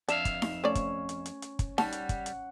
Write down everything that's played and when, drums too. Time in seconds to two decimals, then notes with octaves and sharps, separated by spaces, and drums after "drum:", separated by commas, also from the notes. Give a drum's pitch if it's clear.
0.08 F2 D4 E5 F5, drum: hi-hat
0.25 drum: kick, hi-hat
0.42 drum: snare D#4
0.64 A3 C#4 D5
0.75 drum: kick, hi-hat
1.09 drum: hi-hat
1.26 drum: hi-hat
1.42 drum: hi-hat
1.59 drum: kick, hi-hat
1.78 G3 F#5 A5, drum: snare D#4
1.92 drum: hi-hat
2.09 drum: kick, hi-hat
2.26 drum: hi-hat